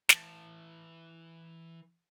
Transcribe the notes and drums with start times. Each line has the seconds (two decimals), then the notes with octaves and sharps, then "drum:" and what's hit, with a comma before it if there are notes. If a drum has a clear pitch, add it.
0.09 E3 A5, drum: snare